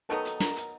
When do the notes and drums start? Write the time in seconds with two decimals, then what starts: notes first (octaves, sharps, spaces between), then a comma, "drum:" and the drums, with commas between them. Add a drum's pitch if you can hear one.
0.09 D#3 F#3 B3 D#4 A4 A5
0.25 drum: hi-hat
0.40 A#4 A#5, drum: snare
0.56 drum: hi-hat